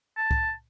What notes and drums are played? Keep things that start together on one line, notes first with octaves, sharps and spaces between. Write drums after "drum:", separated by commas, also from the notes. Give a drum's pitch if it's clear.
A5
drum: kick C2